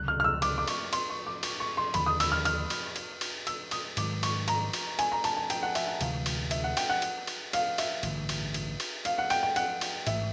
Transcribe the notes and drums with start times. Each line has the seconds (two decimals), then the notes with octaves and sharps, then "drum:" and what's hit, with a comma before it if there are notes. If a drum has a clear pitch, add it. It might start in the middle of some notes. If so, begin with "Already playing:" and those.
Already playing: C#2 C3 D#3 F#3 F#6
0.08 F6
0.20 F6
0.24 E6
0.42 D6, drum: cymbal
0.58 D6
0.68 C#6, drum: cymbal
0.93 C6, drum: cymbal
1.10 C#6
1.27 D6
1.43 C#6, drum: cymbal
1.60 C#6
1.77 C6
1.94 D#2 D3 F3 B5, drum: cymbal
2.06 D#6
2.20 E6, drum: cymbal
2.32 F6
2.45 F6, drum: cymbal
2.70 drum: cymbal
2.96 drum: cymbal
3.21 drum: cymbal
3.47 E6, drum: cymbal
3.71 D#6, drum: cymbal
3.97 G#2 D#3 F#3 D6, drum: cymbal
4.23 C#6, drum: cymbal
4.48 A#5, drum: cymbal
4.73 drum: cymbal
4.99 G#5, drum: cymbal
5.12 A#5
5.24 A5, drum: cymbal
5.37 A5
5.50 G5, drum: cymbal
5.63 F#5
5.75 E5, drum: cymbal
5.88 F#5
6.01 D2 C3 E3 G#3 F5, drum: cymbal
6.26 drum: cymbal
6.51 E5, drum: cymbal
6.64 F#5
6.77 G5, drum: cymbal
6.89 F#5
7.02 drum: cymbal
7.27 drum: cymbal
7.53 F5, drum: cymbal
7.78 E5, drum: cymbal
8.03 A1 G2 D3, drum: cymbal
8.29 drum: cymbal
8.54 drum: cymbal
8.80 drum: cymbal
9.05 F5, drum: cymbal
9.18 F#5
9.30 G5, drum: cymbal
9.43 G5
9.56 F#5, drum: cymbal
9.81 drum: cymbal
10.07 A1 G#2 E3 A3 E5, drum: cymbal